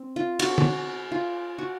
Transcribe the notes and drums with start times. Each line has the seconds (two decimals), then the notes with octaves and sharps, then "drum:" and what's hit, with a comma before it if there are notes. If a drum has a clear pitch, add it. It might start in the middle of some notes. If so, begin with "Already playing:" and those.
Already playing: C4
0.16 F4
0.39 F#4, drum: cymbal
0.58 drum: tom
1.12 F4
1.58 F#4